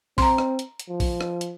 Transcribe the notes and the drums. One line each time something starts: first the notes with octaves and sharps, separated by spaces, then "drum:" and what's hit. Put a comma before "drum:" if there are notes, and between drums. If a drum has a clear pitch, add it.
C4 A#5 C6, drum: kick A#1, open hi-hat
drum: rim click
drum: hi-hat
drum: hi-hat
F3
drum: kick A#1, open hi-hat
drum: rim click
drum: hi-hat